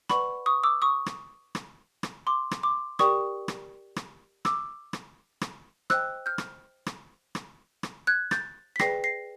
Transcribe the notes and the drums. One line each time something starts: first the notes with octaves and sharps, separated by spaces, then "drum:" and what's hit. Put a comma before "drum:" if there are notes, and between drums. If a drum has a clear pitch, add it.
B4 D5 F#5 B5 C#6, drum: rim click
C#6 D#6
D6 E6
C#6 D#6
drum: rim click
drum: rim click
drum: rim click
C6 D6
drum: rim click
C6 D6
G4 A#4 D5 G5 C#6 D#6, drum: rim click
drum: rim click
drum: rim click
D6 E6, drum: rim click
drum: rim click
drum: rim click
C5 D#5 G5 E6 F#6, drum: rim click
F6 G6
drum: rim click
drum: rim click
drum: rim click
drum: rim click
F#6 G#6
G6 A6, drum: rim click
B6
G#4 B4 D5 G5 A#6 C7, drum: rim click
A#6 C7